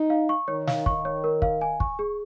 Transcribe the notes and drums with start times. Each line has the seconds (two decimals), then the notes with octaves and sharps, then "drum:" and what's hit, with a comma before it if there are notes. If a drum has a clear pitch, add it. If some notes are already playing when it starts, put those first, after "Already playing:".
Already playing: D#4
0.10 F5
0.29 C#6
0.48 D#3 C#5
0.67 F5, drum: snare
0.86 D#3 C#6, drum: kick
1.05 C#5
1.24 A#4
1.42 F5, drum: kick
1.61 G#5
1.80 C#6, drum: kick
1.99 G#4